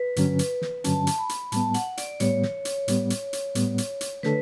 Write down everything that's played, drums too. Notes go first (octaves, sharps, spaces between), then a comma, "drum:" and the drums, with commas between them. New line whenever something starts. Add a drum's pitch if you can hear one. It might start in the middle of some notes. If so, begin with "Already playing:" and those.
Already playing: B4
G2 D3 F#3 C#4, drum: hi-hat
drum: hi-hat
drum: snare
G2 D3 F#3 C#4 A5, drum: hi-hat
drum: hi-hat
B5
drum: hi-hat
A2 G3 B3 A5, drum: hi-hat
F#5, drum: hi-hat
D5, drum: hi-hat
A2 G3 B3 C#5, drum: hi-hat
drum: snare
drum: hi-hat
A2 G3 B3, drum: hi-hat
drum: hi-hat
drum: hi-hat
A2 G3 B3, drum: hi-hat
drum: hi-hat
drum: hi-hat
D3 A3 D4 A4 B4, drum: snare